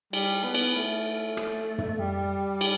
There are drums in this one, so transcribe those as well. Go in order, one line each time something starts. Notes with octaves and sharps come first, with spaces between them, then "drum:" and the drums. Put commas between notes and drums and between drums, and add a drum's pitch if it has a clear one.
G3, drum: cymbal
B3
drum: cymbal
A3
drum: rim click
drum: tom
G3
drum: cymbal